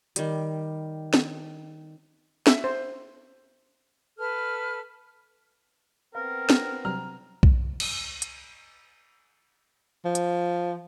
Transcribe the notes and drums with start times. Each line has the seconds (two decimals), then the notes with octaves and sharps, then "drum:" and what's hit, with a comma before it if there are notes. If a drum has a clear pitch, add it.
0.16 D#3 G3, drum: hi-hat
1.14 drum: snare
2.47 E5, drum: snare
2.64 C5
4.18 A4 B4 F6
6.15 B3 C4 A#4 B4 F5
6.50 drum: snare
6.85 C3 F#3 G3 A#5 F6
7.43 drum: kick
7.80 drum: cymbal
8.22 drum: hi-hat
10.05 F3
10.15 drum: hi-hat